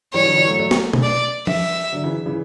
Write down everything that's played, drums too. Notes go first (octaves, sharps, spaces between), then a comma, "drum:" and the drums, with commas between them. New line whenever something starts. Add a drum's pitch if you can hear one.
E3 G3 C#5
D3 F#3
E3 G3
F#3 A3
F#3 A3
drum: snare
drum: tom B2
D5
E5, drum: tom F3
D3 F#3
C#3 E3
C#3 E3